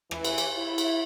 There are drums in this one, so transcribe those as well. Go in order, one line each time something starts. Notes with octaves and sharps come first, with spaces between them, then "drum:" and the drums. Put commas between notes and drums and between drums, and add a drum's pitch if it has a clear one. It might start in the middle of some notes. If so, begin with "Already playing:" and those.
E3, drum: rim click
drum: cymbal
drum: cymbal
E4
drum: cymbal